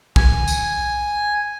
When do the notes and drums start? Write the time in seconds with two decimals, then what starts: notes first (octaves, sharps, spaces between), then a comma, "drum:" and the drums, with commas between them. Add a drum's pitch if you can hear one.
0.16 G#5, drum: kick
0.48 drum: tambourine